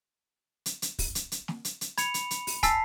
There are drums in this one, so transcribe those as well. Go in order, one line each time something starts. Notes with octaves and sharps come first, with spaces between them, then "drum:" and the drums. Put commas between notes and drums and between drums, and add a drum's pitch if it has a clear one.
drum: hi-hat
drum: hi-hat
drum: kick, open hi-hat
drum: hi-hat
drum: hi-hat
drum: snare
drum: hi-hat
drum: hi-hat
B5 G#6 C#7 F7, drum: hi-hat
drum: hi-hat
drum: hi-hat
drum: open hi-hat
G#5 A5 E6 A6 B6 C7, drum: kick, hi-hat